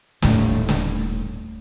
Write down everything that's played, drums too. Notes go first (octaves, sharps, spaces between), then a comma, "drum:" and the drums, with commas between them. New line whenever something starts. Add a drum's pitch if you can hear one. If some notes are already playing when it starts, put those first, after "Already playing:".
D#1 A2, drum: snare
drum: snare